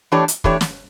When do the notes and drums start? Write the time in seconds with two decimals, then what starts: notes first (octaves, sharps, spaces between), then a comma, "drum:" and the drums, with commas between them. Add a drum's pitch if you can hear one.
0.12 E3 A3 D4 G4 C#5
0.28 drum: hi-hat
0.44 E3 A3 D4 G4 C#5, drum: kick
0.61 drum: snare